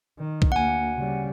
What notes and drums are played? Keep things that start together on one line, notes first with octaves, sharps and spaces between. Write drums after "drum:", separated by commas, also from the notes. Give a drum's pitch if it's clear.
D#3
drum: kick B1
D2 A#3 F#5 G#5
C#3 G3